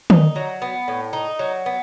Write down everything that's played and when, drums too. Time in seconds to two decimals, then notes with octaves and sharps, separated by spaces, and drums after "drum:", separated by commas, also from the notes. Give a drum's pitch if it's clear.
0.10 D#4, drum: tom
0.36 F#3
0.62 B3
0.88 A2
1.13 D#4
1.39 F#3
1.66 B3